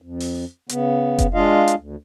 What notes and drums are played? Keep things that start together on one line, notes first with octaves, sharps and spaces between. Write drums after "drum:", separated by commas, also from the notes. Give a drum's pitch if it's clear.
F2
drum: open hi-hat
C#3 B3, drum: hi-hat
drum: kick F1, hi-hat
G#3 D4 F4 D#5 F5
drum: hi-hat
D2